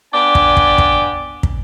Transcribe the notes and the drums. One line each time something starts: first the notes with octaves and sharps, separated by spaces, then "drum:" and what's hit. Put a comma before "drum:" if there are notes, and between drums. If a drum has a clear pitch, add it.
B3 D4 D5 G5 G#5
drum: kick
drum: kick
drum: kick
drum: kick